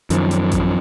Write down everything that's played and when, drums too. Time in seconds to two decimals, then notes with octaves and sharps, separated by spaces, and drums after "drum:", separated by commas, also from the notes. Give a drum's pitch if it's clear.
0.10 F#2 D#3 F3, drum: hi-hat
0.31 drum: hi-hat
0.51 drum: kick A1, hi-hat